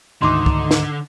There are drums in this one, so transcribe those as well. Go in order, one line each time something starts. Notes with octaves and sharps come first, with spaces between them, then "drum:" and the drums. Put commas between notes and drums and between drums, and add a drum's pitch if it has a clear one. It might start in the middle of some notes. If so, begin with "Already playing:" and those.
D2 G#2 D3 D#3 D#4 C6 D6
drum: kick C#2
drum: snare